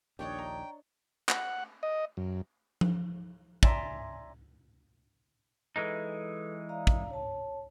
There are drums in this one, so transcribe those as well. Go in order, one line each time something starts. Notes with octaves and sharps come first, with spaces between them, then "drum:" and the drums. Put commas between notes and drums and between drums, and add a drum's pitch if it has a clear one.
A#1 D#2 D4 C#5 D#5 G5
A#5
F#5, drum: clap
D#5
F#2
drum: tom F3
D5 E5 G#5 A#5 C6, drum: kick
E3 G#3 D#4 A4 B4
D5 F5 A#5
drum: kick
C#5 A5